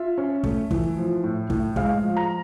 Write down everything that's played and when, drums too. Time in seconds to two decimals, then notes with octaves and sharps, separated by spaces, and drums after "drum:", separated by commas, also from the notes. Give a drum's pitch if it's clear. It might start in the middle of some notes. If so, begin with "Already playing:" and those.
Already playing: F4 E5
0.18 C#4
0.44 A3, drum: kick
0.71 E3, drum: kick
0.97 F3
1.24 A2
1.50 A2, drum: kick
1.76 G#3 F5, drum: kick
2.03 F3
2.17 A#5